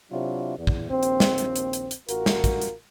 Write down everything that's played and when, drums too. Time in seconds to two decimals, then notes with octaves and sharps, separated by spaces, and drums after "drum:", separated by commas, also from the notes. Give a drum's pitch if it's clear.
0.11 C3 F#3 D4 E4 F4
0.58 E2
0.67 drum: kick
0.90 A#1 D#2 C4
1.03 drum: hi-hat
1.20 drum: snare
1.38 drum: hi-hat
1.56 drum: hi-hat
1.73 drum: hi-hat
1.91 drum: hi-hat
2.09 A1 F4 F#4 A#4, drum: hi-hat
2.26 drum: snare
2.44 drum: kick, hi-hat
2.62 drum: hi-hat